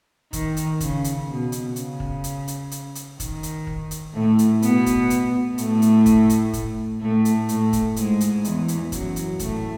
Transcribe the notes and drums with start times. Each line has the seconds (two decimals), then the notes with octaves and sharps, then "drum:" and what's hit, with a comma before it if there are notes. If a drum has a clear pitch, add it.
0.33 D#3, drum: kick, hi-hat
0.57 drum: hi-hat
0.80 C#3, drum: kick, hi-hat
1.04 drum: hi-hat
1.28 B2
1.52 drum: hi-hat
1.76 C#3, drum: hi-hat
2.00 drum: kick
2.24 drum: hi-hat
2.48 drum: hi-hat
2.71 drum: hi-hat
2.95 drum: hi-hat
3.20 D#3, drum: kick, hi-hat
3.43 drum: hi-hat
3.67 drum: kick
3.91 drum: hi-hat
4.14 A2 A3
4.39 drum: hi-hat
4.62 B2 B3, drum: hi-hat
4.86 drum: kick, hi-hat
5.10 drum: hi-hat
5.58 A2 A3, drum: hi-hat
5.82 drum: hi-hat
6.06 drum: kick, hi-hat
6.30 drum: hi-hat
6.53 drum: kick, hi-hat
7.01 A2 A3
7.25 drum: hi-hat
7.49 A2 A3, drum: hi-hat
7.73 drum: kick, hi-hat
7.96 G#2 G#3, drum: hi-hat
8.21 drum: hi-hat
8.45 E2 E3, drum: hi-hat
8.68 drum: hi-hat
8.92 F#2 F#3, drum: kick, hi-hat
9.16 drum: hi-hat
9.39 A2 A3, drum: kick, hi-hat